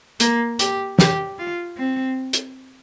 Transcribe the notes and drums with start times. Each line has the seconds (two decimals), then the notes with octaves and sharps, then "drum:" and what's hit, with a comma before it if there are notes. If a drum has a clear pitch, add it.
0.20 A#3, drum: hi-hat
0.59 G4, drum: hi-hat
0.99 G4, drum: snare
1.39 F4
1.78 C4
2.33 drum: hi-hat